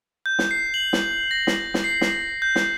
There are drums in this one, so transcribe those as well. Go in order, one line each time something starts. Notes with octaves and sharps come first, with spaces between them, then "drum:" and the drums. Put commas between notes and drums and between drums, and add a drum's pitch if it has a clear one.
G6
drum: snare
C7
F#7
drum: snare
A#6
drum: snare
drum: snare
C7
drum: snare
G6
drum: snare